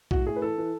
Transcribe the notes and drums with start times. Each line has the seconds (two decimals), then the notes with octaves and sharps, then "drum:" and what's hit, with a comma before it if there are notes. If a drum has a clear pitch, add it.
0.11 A2 F#4, drum: kick B1
0.26 A2 G#4
0.36 B4
0.42 E3 A4
0.58 E3